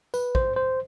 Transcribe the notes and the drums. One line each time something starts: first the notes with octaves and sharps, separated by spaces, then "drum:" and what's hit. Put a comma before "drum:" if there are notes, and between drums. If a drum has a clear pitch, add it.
B4, drum: tambourine
C5, drum: kick
C5